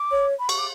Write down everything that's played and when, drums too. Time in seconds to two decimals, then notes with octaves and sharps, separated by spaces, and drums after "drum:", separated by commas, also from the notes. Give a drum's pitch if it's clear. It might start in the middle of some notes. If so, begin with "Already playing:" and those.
Already playing: D6
0.11 C#5
0.39 B5
0.49 C#6, drum: cymbal
0.58 D6